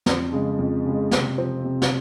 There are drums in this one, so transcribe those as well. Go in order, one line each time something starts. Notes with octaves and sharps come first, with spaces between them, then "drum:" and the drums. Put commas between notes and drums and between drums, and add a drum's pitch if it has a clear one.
F2, drum: snare
C#3 G#3
F2
C#3 G#3
C3, drum: snare
F3 C4
C3
drum: snare